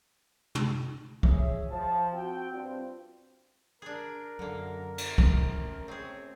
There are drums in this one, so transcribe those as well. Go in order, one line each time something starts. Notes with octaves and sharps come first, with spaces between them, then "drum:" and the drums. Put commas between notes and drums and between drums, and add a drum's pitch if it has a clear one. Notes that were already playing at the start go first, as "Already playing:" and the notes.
drum: tom
G#4 C#5 E5, drum: kick
F3 A5
C4 F#4 G5
G2 C4 F4
D4 G#4 A#4
F#2 D3 A#3
drum: cymbal
A3 C#4, drum: kick
C4 G#4 C#5